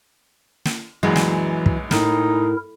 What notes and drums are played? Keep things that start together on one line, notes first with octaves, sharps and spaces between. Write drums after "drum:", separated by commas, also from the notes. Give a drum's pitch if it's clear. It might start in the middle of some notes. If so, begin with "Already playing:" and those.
drum: snare
A#1 F#2 E3 F#3 G#3 F#4
drum: snare
drum: kick
A2 D#4 E4 A#4, drum: snare